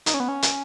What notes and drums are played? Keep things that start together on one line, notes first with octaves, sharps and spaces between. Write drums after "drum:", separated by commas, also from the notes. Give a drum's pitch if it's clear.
D#4, drum: hi-hat
C#4
B3
C#4
drum: hi-hat